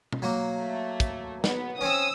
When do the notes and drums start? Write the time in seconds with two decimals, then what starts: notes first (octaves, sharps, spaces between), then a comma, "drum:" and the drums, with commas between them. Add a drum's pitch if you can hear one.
0.12 drum: tom B2
0.22 F#3 A#3
0.60 A3
1.00 drum: kick, hi-hat
1.44 B3, drum: snare
1.81 C4 C#4 D#6 E6